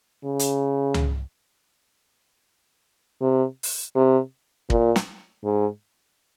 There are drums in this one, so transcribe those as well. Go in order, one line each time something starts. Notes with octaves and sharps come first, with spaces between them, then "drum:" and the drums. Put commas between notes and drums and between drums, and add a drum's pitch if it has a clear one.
C#3
drum: hi-hat
drum: tom
C3
drum: open hi-hat
C3
A#2, drum: kick
drum: snare
G#2